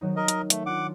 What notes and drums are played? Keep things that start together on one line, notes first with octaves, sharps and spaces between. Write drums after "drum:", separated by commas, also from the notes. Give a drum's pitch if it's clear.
D#3 F#3 D#4
A#4 D#5
drum: hi-hat
A3, drum: hi-hat
D4 F4 F#5 D6